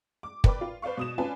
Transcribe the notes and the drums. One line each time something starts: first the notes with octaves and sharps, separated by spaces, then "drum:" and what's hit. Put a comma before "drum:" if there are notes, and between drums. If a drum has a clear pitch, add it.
D6
A#4 B4 D5 G5 B5 D6, drum: kick
F4
B4 C5 D5 F5 C#6
B2 D#6 E7
C#4 F4 B4 D5 G#5 A5